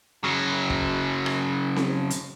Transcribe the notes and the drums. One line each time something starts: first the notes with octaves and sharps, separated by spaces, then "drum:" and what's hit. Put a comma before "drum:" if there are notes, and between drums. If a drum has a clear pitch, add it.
C#3 F#3
drum: kick
drum: rim click
drum: snare C4
drum: hi-hat